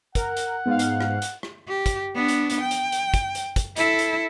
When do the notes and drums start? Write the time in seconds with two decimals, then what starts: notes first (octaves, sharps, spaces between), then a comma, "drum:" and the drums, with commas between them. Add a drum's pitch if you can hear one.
0.15 A#4 F#5, drum: kick, hi-hat
0.37 drum: hi-hat
0.66 G#2 B3 F5
0.79 drum: hi-hat
1.01 drum: rim click
1.22 drum: hi-hat
1.43 drum: rim click
1.68 G4
1.86 drum: kick, hi-hat
2.15 B3 D4
2.28 drum: hi-hat
2.50 drum: hi-hat
2.61 G5
2.71 drum: hi-hat
2.92 drum: hi-hat
3.14 drum: kick, hi-hat
3.35 drum: hi-hat
3.56 drum: kick, hi-hat
3.76 E4 A4, drum: hi-hat
3.99 drum: hi-hat